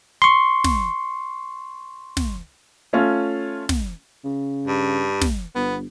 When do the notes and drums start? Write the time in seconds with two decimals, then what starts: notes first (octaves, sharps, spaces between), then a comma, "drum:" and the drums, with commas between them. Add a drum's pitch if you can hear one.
0.22 C6 C#6
0.64 drum: snare
2.17 drum: snare
2.93 A3 C#4 F4
3.69 drum: snare
4.24 C#3
4.68 G2
5.21 drum: snare
5.55 G1 B3